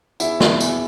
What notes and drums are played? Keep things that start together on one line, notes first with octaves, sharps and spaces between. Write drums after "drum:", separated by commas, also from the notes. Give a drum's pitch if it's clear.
E2 E4, drum: tambourine
B2, drum: snare
E2, drum: tambourine